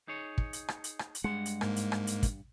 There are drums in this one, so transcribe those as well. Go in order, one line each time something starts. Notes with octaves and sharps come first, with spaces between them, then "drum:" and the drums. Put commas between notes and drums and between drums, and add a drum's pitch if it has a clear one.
D#4 G#4 C#5
drum: kick
drum: hi-hat
drum: rim click
drum: hi-hat
drum: rim click
drum: hi-hat
G2 G#3 F#5
drum: hi-hat
G#2 A#3, drum: rim click
drum: hi-hat
drum: rim click
drum: hi-hat
drum: kick, hi-hat